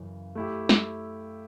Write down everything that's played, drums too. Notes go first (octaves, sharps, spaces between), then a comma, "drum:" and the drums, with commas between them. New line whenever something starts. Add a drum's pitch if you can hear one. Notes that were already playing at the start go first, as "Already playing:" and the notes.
Already playing: F#2 C#3 E3
A3 E4 G4
drum: snare